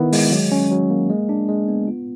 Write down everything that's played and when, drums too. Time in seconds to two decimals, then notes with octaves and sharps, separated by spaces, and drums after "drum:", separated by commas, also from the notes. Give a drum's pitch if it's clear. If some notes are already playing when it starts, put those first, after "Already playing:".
Already playing: D#3 B3 E4
0.12 G#3, drum: open hi-hat
0.32 F#3
0.52 C#4
0.71 F#3
0.90 A#3
1.09 G#3
1.29 D4
1.48 G#3
1.68 B3
1.87 F4